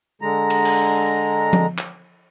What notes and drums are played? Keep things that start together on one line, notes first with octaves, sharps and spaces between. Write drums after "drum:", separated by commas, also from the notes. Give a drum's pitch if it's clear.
D3 G#3 A#5
drum: cymbal
drum: cymbal
drum: tom F3
drum: clap